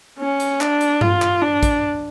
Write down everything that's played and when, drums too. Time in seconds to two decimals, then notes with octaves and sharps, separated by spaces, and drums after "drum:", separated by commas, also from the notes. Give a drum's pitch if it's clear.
0.19 C#4
0.40 drum: hi-hat
0.61 D4, drum: clap
0.81 drum: hi-hat
1.01 F4, drum: tom G2
1.22 drum: clap
1.42 D4
1.63 drum: kick, hi-hat